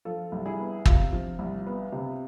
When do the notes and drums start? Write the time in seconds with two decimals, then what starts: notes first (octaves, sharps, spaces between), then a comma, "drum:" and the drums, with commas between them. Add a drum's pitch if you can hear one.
0.05 F3 F4 A4
0.32 C2
0.46 E4 G#4
0.59 B3
0.85 C3 F4, drum: kick
1.13 F3
1.39 C2
1.66 B3
1.92 C3